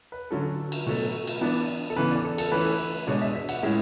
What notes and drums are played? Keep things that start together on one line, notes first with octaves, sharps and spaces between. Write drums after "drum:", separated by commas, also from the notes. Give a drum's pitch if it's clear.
B4
D3 F#3 C#4 A4
drum: cymbal
B2 F#3 A3
drum: cymbal
E3 B3 D4
A4
C#3 E3 B3 B4
D5
A4
A4, drum: cymbal
E3 A3 C#4 E4 B4
B2 G#3 D4 C#5
E5
E5
F#5, drum: cymbal
A2 G#3 C#4 E4 E5